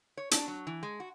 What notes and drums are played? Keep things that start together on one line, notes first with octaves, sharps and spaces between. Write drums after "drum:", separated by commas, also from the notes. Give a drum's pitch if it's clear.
C#5
D4, drum: hi-hat
F#3
E3
G#3
F#4